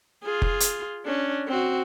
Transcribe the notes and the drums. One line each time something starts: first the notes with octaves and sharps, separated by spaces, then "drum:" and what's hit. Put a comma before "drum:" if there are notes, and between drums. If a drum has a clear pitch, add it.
F4 G#4
drum: kick F1
drum: hi-hat
C#4 D4
C4 F#4